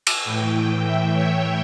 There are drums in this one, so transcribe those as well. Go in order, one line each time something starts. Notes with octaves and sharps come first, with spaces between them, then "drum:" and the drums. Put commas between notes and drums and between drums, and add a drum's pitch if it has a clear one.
drum: cymbal
A2 E3 G5
E5
C#5